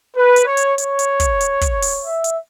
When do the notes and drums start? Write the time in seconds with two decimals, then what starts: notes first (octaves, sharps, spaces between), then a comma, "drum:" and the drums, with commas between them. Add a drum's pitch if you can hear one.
0.15 B4
0.36 drum: hi-hat
0.46 C#5
0.57 drum: hi-hat
0.78 C#5, drum: hi-hat
0.99 drum: hi-hat
1.20 drum: kick, hi-hat
1.41 drum: hi-hat
1.61 drum: kick, hi-hat
1.82 drum: open hi-hat
2.04 E5
2.24 drum: hi-hat